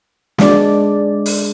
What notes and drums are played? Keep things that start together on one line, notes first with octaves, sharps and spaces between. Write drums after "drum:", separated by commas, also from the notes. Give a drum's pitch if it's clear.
G#3 D4 D5, drum: snare
drum: open hi-hat